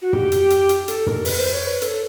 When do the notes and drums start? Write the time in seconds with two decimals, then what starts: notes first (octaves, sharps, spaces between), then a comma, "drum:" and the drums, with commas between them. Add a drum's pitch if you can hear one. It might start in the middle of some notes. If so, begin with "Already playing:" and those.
0.02 F#4
0.13 G4, drum: tom
0.32 drum: hi-hat
0.50 drum: hi-hat
0.69 drum: hi-hat
0.88 A4, drum: hi-hat
1.06 A#4, drum: tom
1.25 B4, drum: open hi-hat
1.39 C5
1.53 C#5
1.67 B4
1.82 A4, drum: hi-hat